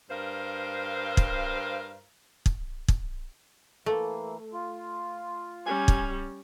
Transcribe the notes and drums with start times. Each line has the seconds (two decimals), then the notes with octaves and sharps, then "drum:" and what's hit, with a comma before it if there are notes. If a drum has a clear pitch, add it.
0.10 G2 A#4 C5 F5
1.17 drum: kick
2.46 drum: kick
2.88 drum: kick
3.86 E3 A3 A#3
4.53 F4
5.67 G3 C#4 G#5
5.88 drum: kick